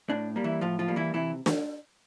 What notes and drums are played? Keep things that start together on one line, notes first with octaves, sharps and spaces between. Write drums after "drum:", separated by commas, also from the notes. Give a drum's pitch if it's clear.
A2 D4
G3 A#3
E3 E4
A2 F3 F4
F3 F4
G3 A#3
E3 E4
C3 E3 E4
drum: snare